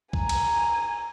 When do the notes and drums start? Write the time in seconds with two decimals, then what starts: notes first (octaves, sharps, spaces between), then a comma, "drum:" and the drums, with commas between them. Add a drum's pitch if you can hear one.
0.13 G#5 A#5, drum: kick B1
0.29 drum: cymbal